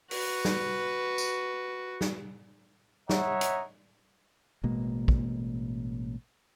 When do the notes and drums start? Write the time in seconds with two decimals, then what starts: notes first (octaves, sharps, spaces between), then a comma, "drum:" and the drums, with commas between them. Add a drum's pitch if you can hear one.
0.11 F#4 B4, drum: open hi-hat
0.45 drum: snare
1.18 drum: tambourine
2.01 drum: snare
3.09 C#5 D#5 E5 F#5 A#5, drum: snare
3.41 drum: hi-hat
4.63 A1 B2 G#3 A#3
5.08 drum: kick